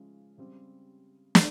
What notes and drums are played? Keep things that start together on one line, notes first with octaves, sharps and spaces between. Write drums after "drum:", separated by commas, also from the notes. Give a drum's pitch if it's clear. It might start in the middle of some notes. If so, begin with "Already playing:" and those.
Already playing: C#3 F3 G#3 C#4
C#3 G3 C4
drum: snare